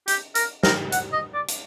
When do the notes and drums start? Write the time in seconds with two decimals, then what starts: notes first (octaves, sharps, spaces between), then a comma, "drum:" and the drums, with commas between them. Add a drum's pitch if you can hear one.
0.08 G4, drum: hi-hat
0.35 A#4, drum: hi-hat
0.63 A#4, drum: snare
0.92 F#5, drum: hi-hat
1.13 D#5
1.34 D5
1.48 drum: hi-hat